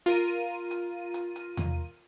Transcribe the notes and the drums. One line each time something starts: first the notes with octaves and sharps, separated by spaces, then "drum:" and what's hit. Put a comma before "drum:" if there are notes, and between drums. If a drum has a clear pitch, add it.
F4 A#4 D#7, drum: hi-hat
drum: hi-hat
drum: hi-hat
drum: hi-hat
drum: tom E2